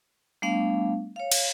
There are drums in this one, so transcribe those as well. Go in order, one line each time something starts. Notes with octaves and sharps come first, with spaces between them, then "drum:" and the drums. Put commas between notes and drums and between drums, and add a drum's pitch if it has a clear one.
G3 A3 B3 D4 F5
C#5 F5
drum: cymbal